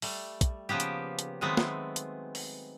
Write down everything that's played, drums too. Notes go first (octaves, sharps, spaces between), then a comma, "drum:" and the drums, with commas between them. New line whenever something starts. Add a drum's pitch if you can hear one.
G3 A3, drum: open hi-hat
drum: kick, hi-hat
C#3 F3 A#3 B3 G4
drum: hi-hat
drum: hi-hat
D#3 F#3 G#3 A3 B3 C4
drum: snare
drum: hi-hat
drum: open hi-hat